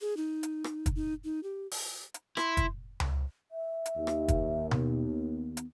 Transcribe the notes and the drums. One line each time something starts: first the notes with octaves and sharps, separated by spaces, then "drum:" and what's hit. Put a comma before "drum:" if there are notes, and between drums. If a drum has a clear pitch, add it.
G#4
D#4
drum: hi-hat
drum: rim click
drum: kick, hi-hat
D#4
D#4
G4
drum: open hi-hat
drum: hi-hat
E4 C6, drum: rim click
drum: kick, hi-hat
drum: tom C#2
E5
drum: hi-hat
D#2
drum: rim click
drum: kick, hi-hat
B3, drum: tom B2
drum: hi-hat